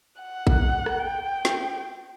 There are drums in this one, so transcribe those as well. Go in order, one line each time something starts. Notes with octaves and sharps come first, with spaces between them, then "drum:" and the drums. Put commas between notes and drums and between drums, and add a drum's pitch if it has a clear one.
F#5
drum: kick
drum: rim click
G5
drum: snare